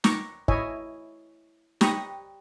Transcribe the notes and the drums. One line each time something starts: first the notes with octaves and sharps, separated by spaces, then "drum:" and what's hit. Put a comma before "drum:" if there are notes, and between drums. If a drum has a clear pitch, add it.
A#5 C#6 D6, drum: snare
E4 C#5 D#5 E5 G#5, drum: kick
G4 A#5 B5 C#6 D#6, drum: snare